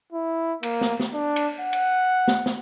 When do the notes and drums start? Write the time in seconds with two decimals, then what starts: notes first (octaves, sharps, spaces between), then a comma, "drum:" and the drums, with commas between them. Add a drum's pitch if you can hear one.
0.13 E4
0.63 A#3, drum: cymbal
0.81 drum: snare
1.00 drum: snare
1.14 D4
1.36 drum: cymbal
1.61 F#5
1.73 drum: cymbal
2.28 drum: snare
2.46 drum: snare